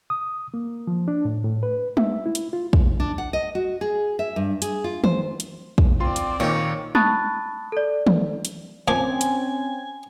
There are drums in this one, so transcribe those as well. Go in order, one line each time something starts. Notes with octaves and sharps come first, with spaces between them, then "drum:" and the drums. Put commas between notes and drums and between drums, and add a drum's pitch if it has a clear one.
D#6
A#3
F3
D4
A2
A2
B4
E5, drum: tom G3
E4
drum: hi-hat
F4
drum: kick
D4
F#5
D#5
F#4
G#4
E5
G2
G#4, drum: hi-hat
F4
C5, drum: tom
drum: hi-hat
drum: kick
C4 F4 D5 C6
drum: hi-hat
A#2 D#3 A#3 D#4 C#5
A5 B5 C#6 D#6 F#6 A6, drum: tom G3
A4 D5
drum: tom
drum: hi-hat
A#2 F3 C4 C#4 G#5 D6
drum: hi-hat